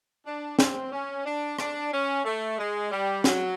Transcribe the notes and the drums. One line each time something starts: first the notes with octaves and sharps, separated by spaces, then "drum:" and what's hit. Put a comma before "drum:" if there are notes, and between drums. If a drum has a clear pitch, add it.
D4
C4, drum: snare
C#4
D4
D4, drum: rim click
C#4
A3
G#3
G3
F#3, drum: snare